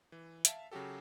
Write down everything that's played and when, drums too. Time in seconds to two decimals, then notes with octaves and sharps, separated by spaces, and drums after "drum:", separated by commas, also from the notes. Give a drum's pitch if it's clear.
0.12 E3
0.45 E5 F5 A5, drum: hi-hat
0.71 C#3 F#3 F#4 G4 A4